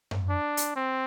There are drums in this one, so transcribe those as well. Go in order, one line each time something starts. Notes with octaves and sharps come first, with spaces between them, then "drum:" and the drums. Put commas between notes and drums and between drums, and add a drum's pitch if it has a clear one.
drum: tom F#2
D4
drum: hi-hat
C4